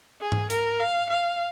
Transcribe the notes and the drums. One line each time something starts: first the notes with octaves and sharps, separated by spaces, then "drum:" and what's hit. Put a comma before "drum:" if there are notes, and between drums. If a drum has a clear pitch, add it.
G#4
drum: tom G#2
A#4, drum: hi-hat
F5
F5